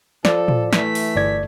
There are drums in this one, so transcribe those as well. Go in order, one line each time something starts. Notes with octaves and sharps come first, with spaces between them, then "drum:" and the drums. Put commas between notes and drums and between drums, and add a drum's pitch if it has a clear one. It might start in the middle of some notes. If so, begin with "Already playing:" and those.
F3 A4 D5, drum: snare
drum: tom
E3 A3 B6, drum: snare
drum: open hi-hat
G1 D5 G#6